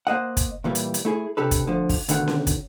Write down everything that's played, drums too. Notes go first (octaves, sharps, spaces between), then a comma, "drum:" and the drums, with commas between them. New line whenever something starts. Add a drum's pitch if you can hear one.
A#3 C5 D#5 F#5
drum: kick, hi-hat
A#2 E3 G3 A#3
drum: hi-hat
drum: hi-hat
A3 E4 G#4
C3 D4 G4 A4 B4
drum: kick, hi-hat
D2 D3 F3
drum: kick, open hi-hat
D2 B2 D3 D#3 F#5, drum: hi-hat
drum: snare C#4
drum: kick, hi-hat